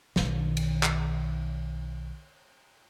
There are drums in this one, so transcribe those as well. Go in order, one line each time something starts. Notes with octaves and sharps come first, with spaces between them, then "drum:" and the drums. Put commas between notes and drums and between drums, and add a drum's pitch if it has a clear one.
B1 D#3, drum: snare
drum: cymbal
drum: clap